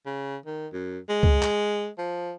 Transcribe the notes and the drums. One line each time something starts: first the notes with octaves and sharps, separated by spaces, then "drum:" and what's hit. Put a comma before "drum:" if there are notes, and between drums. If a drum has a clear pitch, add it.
C#3
D#3
F#2
G#3
drum: kick
drum: clap
F3